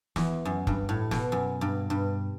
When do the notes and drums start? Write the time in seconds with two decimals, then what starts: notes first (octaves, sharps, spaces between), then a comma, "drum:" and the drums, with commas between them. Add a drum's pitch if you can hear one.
0.16 E2, drum: snare
0.45 F#2
0.67 G2, drum: kick
0.89 A2
1.11 B2, drum: snare
1.32 F#2
1.61 G2
1.90 G2